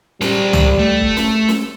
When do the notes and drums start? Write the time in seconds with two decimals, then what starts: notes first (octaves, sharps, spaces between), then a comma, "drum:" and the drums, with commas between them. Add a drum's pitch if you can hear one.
0.21 G3 A#4 C5, drum: snare
0.53 drum: tom
0.79 A3
1.01 drum: kick
1.17 drum: snare
1.48 drum: snare